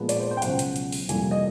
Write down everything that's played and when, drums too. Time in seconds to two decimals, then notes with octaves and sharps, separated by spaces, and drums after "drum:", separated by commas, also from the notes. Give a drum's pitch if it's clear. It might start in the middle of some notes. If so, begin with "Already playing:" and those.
Already playing: A#2 F3 G#3 B3
0.09 D5, drum: hi-hat
0.20 C5
0.31 C5
0.37 G5
0.42 C#2 B2 F#3 F#5, drum: hi-hat
0.59 drum: hi-hat
0.76 drum: hi-hat
0.92 drum: open hi-hat
1.09 F2 C3 E3 G3 A#3 G#5, drum: hi-hat
1.31 D#5